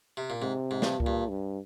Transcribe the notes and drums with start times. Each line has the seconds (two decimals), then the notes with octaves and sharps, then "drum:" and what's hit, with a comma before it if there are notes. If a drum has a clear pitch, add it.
0.17 C3
0.30 A#2
0.42 G#2 C3
0.71 G#2
0.82 G2, drum: snare
1.00 A#2, drum: kick C#2
1.06 G2
1.29 G2